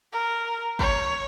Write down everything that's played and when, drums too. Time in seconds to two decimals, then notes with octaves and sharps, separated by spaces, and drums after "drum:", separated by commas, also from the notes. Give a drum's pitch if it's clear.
0.12 A#4
0.79 C#5, drum: kick